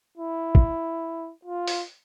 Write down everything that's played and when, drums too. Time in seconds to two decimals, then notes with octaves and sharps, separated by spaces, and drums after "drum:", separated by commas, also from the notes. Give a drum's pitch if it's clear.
0.17 E4
0.55 drum: kick
1.45 F4
1.68 drum: open hi-hat